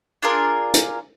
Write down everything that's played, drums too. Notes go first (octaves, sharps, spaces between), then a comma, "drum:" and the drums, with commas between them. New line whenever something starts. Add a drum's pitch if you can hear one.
D4 F4 G#4 A#4
drum: hi-hat